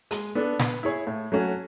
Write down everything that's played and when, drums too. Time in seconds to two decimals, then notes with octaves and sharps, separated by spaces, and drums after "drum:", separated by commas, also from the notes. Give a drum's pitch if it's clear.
0.11 G#3, drum: hi-hat
0.35 B3 D4 A4
0.59 B3, drum: snare
0.83 E4 G#4 C#5
1.07 A2
1.32 F#3 A3 C#4 F#4